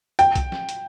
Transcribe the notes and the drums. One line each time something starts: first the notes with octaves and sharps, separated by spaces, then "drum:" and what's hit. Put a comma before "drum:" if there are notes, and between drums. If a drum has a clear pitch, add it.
G5, drum: hi-hat
drum: kick, hi-hat
drum: snare
drum: hi-hat